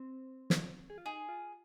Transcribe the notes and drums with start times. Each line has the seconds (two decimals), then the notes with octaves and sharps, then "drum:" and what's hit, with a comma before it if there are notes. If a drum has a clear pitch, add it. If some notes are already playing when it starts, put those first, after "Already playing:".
Already playing: C4
0.50 drum: snare
0.90 G#4
0.98 F4
1.05 D#4 G#4
1.29 F4